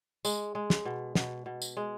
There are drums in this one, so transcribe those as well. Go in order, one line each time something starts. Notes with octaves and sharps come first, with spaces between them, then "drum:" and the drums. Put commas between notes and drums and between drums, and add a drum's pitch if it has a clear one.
G#3, drum: tambourine
G#3
drum: snare
B2
B2, drum: snare
B2
drum: tambourine
G#3